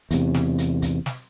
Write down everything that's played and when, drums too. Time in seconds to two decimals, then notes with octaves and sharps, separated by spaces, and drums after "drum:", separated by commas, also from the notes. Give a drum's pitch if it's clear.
0.11 E2 C3, drum: hi-hat
0.34 drum: snare
0.58 drum: hi-hat
0.82 drum: kick, hi-hat
1.06 drum: snare